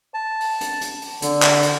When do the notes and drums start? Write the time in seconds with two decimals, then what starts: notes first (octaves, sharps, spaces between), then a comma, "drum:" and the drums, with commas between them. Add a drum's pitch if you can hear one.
0.14 A5
0.40 drum: open hi-hat
0.61 drum: hi-hat
0.81 drum: hi-hat
1.02 drum: open hi-hat
1.22 D3, drum: hi-hat
1.42 drum: clap
1.63 drum: hi-hat